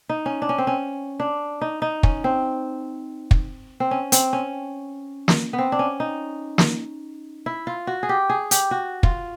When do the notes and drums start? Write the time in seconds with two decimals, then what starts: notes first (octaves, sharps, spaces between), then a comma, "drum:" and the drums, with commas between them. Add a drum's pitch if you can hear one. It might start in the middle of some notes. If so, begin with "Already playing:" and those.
0.09 D#4
0.26 C#4
0.42 D4
0.49 C#4
0.58 C4
0.67 C#4
1.20 D4
1.61 D#4
1.82 D#4
2.03 C#4, drum: kick
2.24 C4
3.31 drum: kick
3.80 C4
3.91 C#4
4.12 C4, drum: hi-hat
4.33 C#4
5.28 drum: snare
5.53 B3
5.58 C4
5.72 D4
5.79 C#4
6.00 D#4
6.58 drum: snare
7.46 E4
7.67 F4
7.87 F#4
8.03 G#4
8.09 G4
8.29 G#4
8.51 G4, drum: hi-hat
8.71 F#4
9.03 F4, drum: kick